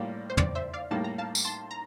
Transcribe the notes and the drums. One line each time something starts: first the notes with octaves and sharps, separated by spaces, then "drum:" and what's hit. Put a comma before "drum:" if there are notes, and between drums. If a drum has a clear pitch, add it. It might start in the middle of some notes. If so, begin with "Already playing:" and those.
Already playing: A2 G3 A#3 F4 D5 F5
C5
D5, drum: tom
C5 E5
D5 F5
A2 G3 A#3 A5
A#5
F5 A5
drum: tambourine
A5 C6
A#5